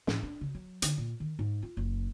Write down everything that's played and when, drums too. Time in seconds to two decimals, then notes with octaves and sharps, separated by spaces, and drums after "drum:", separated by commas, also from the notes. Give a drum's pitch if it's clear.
0.07 A2, drum: snare
0.23 D4
0.41 C#3
0.55 F#3
0.82 D3, drum: hi-hat
0.98 A#2
1.20 D#3
1.39 G#2
1.62 F4
1.77 F#1